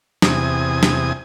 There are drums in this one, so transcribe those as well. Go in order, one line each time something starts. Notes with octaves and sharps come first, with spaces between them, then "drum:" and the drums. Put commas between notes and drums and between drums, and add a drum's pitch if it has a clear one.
E2 C3 G#5 D#6, drum: snare
drum: snare